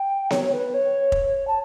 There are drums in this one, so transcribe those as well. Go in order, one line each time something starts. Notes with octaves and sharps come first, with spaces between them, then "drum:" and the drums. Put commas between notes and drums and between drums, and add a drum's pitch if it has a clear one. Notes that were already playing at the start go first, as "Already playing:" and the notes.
Already playing: G5
C#5, drum: snare B3
B4
C#5
drum: kick
A5